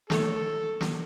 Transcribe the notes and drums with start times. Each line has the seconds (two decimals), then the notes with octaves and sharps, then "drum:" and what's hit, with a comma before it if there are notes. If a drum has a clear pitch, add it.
0.10 D#3 A3 A4 C#5, drum: snare
0.81 drum: snare